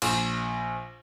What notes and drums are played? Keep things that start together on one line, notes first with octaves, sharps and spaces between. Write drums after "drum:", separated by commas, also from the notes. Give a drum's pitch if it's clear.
A#1, drum: cymbal